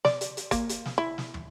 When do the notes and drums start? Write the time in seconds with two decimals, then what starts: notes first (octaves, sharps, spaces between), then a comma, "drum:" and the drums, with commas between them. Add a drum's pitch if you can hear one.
0.05 D5, drum: snare
0.21 drum: hi-hat
0.37 drum: hi-hat
0.51 A#3, drum: kick, hi-hat
0.69 drum: hi-hat
0.86 drum: snare
0.98 E4
1.18 drum: snare
1.34 drum: tom